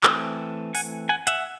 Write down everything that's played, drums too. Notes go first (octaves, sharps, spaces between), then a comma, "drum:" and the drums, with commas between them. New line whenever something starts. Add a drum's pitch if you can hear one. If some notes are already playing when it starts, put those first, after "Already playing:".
E3 A3 C4, drum: clap
F#5 G#5, drum: open hi-hat
F#5 G#5
E5 F#5, drum: hi-hat